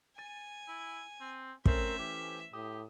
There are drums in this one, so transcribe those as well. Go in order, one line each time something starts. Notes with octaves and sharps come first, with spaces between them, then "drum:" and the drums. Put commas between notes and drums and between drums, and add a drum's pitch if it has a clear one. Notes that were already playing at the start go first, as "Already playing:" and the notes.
G#5 A6 D#7
E4
C4
A3 C4 C#4 A#4 C5 E5, drum: kick
E3 G4
A2 G4 D#6